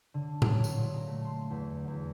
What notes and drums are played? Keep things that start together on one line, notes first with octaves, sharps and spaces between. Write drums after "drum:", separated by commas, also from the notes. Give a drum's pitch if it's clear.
D3
F#3, drum: tom A2
drum: tambourine
A#2
A#5
A3
C6
E2
E2